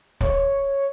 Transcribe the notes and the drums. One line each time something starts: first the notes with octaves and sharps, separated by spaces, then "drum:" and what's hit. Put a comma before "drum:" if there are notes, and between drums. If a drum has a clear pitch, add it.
C#5, drum: kick